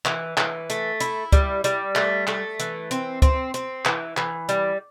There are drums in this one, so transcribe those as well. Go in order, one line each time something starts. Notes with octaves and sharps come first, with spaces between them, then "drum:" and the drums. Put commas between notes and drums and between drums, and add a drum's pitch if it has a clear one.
E3, drum: clap
E3, drum: clap
A3, drum: hi-hat
E4, drum: hi-hat
G3, drum: kick C#2, hi-hat
G3, drum: hi-hat
A3, drum: clap
A3, drum: clap
E3, drum: hi-hat
C4, drum: hi-hat
C4, drum: kick C#2, hi-hat
C4, drum: hi-hat
E3, drum: clap
E3, drum: clap
G3, drum: hi-hat